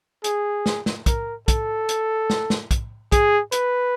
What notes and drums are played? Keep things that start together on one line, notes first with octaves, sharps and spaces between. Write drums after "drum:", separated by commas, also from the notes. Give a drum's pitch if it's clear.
G#4, drum: hi-hat
drum: snare
drum: snare
A#4, drum: kick, hi-hat
A4, drum: kick, hi-hat
drum: hi-hat
drum: snare
drum: snare
drum: kick, hi-hat
G#4, drum: kick, hi-hat
B4, drum: hi-hat